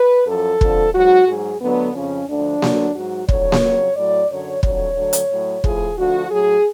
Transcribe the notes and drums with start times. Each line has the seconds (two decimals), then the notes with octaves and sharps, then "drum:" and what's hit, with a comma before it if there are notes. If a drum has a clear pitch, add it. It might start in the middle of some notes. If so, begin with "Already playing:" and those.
Already playing: B4
0.27 F#2 F3 A4
0.61 F2 D3 F3, drum: kick
0.94 G#2 F#3 F#4
1.27 G#2 F#3 G#4
1.61 D2 D3 F#3 B3
1.95 F2 C#3 F3 C#4
2.29 D2 D3 F3 D4
2.62 D2 D3 F#3, drum: snare A#3
2.95 G#2 F#3 F#4
3.29 F2 D3 F#3 C#5, drum: kick
3.52 drum: snare A#3
3.62 F2 C#3 F#3
3.96 A2 F#3 D5
4.30 F#2 D3 F#3 C#5
4.63 F2 D3 F#3 C#5, drum: kick
4.97 D2 D3 F#3
5.13 drum: hi-hat
5.30 A2 F#3
5.64 A2 F3 G#4, drum: kick
5.97 D2 D3 F3 F#4
6.31 A2 F#3 G#4